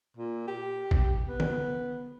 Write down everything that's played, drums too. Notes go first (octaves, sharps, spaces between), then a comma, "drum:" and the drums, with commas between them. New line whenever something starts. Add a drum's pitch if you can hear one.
A#2
G4
drum: kick
B3
drum: tom